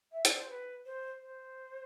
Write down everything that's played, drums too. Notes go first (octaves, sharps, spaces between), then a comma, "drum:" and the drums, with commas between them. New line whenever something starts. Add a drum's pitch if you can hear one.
E5
D5, drum: hi-hat
C5
B4
C5
C5